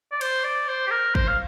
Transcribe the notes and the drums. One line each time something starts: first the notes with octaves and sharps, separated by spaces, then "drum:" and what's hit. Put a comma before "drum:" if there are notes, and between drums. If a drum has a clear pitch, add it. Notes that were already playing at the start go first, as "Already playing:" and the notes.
D5
C5, drum: cymbal
D5
C5
G4
A#4
C5, drum: kick
F5